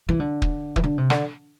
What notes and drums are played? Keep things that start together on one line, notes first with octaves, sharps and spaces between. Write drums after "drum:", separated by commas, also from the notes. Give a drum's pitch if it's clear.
E3
D3
drum: kick
E3, drum: kick
D3
C3
D3, drum: rim click